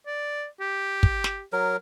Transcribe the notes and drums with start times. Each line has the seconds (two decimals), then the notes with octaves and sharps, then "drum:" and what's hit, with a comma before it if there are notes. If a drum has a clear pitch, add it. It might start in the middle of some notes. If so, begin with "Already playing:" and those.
0.06 D5
0.60 G4
1.03 drum: kick
1.24 drum: snare
1.53 F#3 A#4